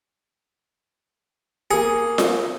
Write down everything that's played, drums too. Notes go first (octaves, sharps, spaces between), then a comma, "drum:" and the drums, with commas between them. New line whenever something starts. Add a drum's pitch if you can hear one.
A#3 G#4 C#7
drum: snare F4